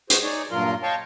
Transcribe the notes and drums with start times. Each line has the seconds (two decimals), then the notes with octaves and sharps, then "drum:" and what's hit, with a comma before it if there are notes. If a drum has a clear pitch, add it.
0.10 F#4 G#4 C5, drum: hi-hat
0.23 D#4 G#4 C#5 D5
0.51 G2 A#2 F#3 F4 A#4 C6
0.83 C#5 D#5 F5 G5 A5 C#6